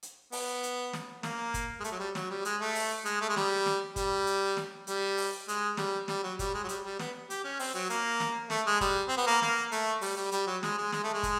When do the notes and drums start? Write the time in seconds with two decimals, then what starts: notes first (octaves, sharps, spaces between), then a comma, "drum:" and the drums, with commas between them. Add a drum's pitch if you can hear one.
0.03 drum: hi-hat
0.32 B3, drum: open hi-hat
0.63 drum: hi-hat
0.93 drum: snare
1.23 A#3, drum: snare
1.54 drum: kick, hi-hat
1.80 G#3
1.84 A3, drum: hi-hat
1.92 F#3
1.99 G3
2.15 F#3, drum: snare
2.30 G3
2.45 G#3, drum: hi-hat
2.61 A3
2.75 drum: open hi-hat
3.05 G#3, drum: hi-hat
3.21 A3
3.29 G#3
3.36 G3, drum: snare
3.66 drum: snare
3.96 G3, drum: kick, hi-hat
4.27 drum: hi-hat
4.57 drum: snare
4.87 G3, drum: hi-hat
5.17 drum: open hi-hat
5.48 G#3, drum: hi-hat
5.77 G3, drum: snare
6.08 G3, drum: snare
6.23 F#3
6.39 G3, drum: kick, hi-hat
6.54 G#3
6.64 F#3
6.69 G3, drum: hi-hat
6.84 G3
6.99 B3, drum: snare
7.30 G4, drum: hi-hat
7.44 C#4
7.59 C4, drum: open hi-hat
7.74 F#3
7.90 A#3, drum: hi-hat
8.20 drum: snare
8.50 A3, drum: snare
8.66 G#3
8.81 G3, drum: kick, hi-hat
9.08 C4
9.17 B3
9.27 A#3
9.42 A#3, drum: snare
9.72 A3, drum: hi-hat
10.01 G3, drum: open hi-hat
10.16 G3
10.32 G3, drum: hi-hat
10.47 F#3
10.63 G#3, drum: snare
10.78 G#3
10.92 G#3, drum: snare
11.04 A3
11.13 G#3
11.23 drum: kick, hi-hat